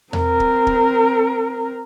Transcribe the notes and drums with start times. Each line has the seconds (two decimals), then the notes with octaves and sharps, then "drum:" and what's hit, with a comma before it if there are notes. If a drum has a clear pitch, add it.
0.13 C4 A#4, drum: tom E2
0.40 drum: kick
0.67 drum: kick